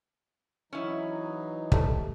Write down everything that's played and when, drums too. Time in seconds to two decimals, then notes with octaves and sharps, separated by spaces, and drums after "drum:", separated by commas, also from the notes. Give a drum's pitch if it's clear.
0.73 E3 F#3 C#4 D#4 E4
1.72 G3 A3, drum: kick